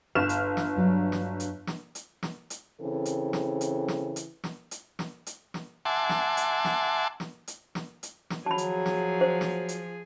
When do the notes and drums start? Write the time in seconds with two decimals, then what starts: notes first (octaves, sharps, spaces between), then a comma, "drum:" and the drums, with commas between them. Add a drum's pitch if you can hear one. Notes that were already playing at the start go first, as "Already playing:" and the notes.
0.15 G1 G#4 F6 E7
0.29 drum: hi-hat
0.57 drum: snare
0.76 G2 F#3 D4
1.12 drum: snare
1.40 drum: hi-hat
1.67 drum: snare
1.95 drum: hi-hat
2.23 drum: snare
2.50 drum: hi-hat
2.81 C#3 E3 C4 A4
3.05 drum: hi-hat
3.33 drum: snare
3.61 drum: hi-hat
3.88 drum: snare
4.16 drum: hi-hat
4.44 drum: snare
4.71 drum: hi-hat
4.99 drum: snare
5.26 drum: hi-hat
5.54 drum: snare
5.85 E5 F#5 G#5 A5 C6 D6
6.09 drum: snare
6.37 drum: hi-hat
6.65 drum: snare
7.20 drum: snare
7.47 drum: hi-hat
7.75 drum: snare
8.03 drum: hi-hat
8.30 drum: snare
8.46 F3 F#3 G#4 A5 B5
8.58 drum: hi-hat
8.86 drum: snare
9.21 C5
9.41 drum: snare
9.69 drum: hi-hat